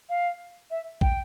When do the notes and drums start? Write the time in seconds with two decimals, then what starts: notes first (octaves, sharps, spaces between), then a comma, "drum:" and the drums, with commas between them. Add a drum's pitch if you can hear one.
0.09 F5
0.71 E5
1.01 G5, drum: kick A1